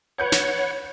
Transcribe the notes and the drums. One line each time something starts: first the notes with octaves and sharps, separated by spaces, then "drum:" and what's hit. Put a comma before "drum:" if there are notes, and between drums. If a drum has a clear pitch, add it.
B4 C#5 F#5 G6 G#6
drum: snare